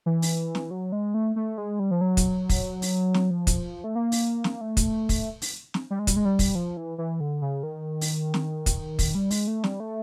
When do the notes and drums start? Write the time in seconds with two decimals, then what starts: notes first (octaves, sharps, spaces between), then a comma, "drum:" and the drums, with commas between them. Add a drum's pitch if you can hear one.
0.06 E3
0.22 drum: open hi-hat
0.55 drum: snare
0.71 F#3
0.92 G#3
1.14 A3
1.36 A3
1.58 G#3
1.80 G3
1.91 F3
2.01 F#3
2.17 drum: kick, hi-hat
2.49 drum: kick, open hi-hat
2.82 drum: open hi-hat
3.14 drum: snare
3.30 F3
3.47 drum: kick, hi-hat
3.84 A3
3.95 A#3
4.12 drum: open hi-hat
4.44 drum: snare
4.61 A3
4.77 drum: kick, hi-hat
5.09 drum: kick, open hi-hat
5.42 drum: open hi-hat
5.74 drum: snare
5.90 G3
5.99 G#3
6.07 G3, drum: kick, hi-hat
6.16 G#3
6.25 G3
6.39 drum: kick, open hi-hat
6.55 F3
6.77 E3
6.98 E3
7.20 D3
7.42 C#3
7.63 D#3
8.01 drum: open hi-hat
8.34 drum: snare
8.66 drum: kick, hi-hat
8.99 drum: kick, open hi-hat
9.15 G3
9.31 G#3, drum: open hi-hat
9.47 A3
9.64 G3, drum: snare
9.80 A3